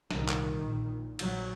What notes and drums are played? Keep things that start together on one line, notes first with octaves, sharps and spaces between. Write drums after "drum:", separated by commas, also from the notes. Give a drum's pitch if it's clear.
C2 A#2 D#3, drum: snare
drum: clap
A#1 A#2
A#1 A#2 F#3, drum: cymbal